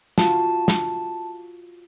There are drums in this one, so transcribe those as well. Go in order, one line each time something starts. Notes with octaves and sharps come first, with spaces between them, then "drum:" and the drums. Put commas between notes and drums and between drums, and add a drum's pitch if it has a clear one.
F4 F#4 A5, drum: snare
drum: snare